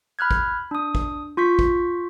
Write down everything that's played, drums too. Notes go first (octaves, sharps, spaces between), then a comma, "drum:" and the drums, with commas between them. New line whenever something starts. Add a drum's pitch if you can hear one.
B5 F6 F#6 G#6
drum: kick
D4 D#6
drum: kick
F4 C#6 G6 B6
drum: kick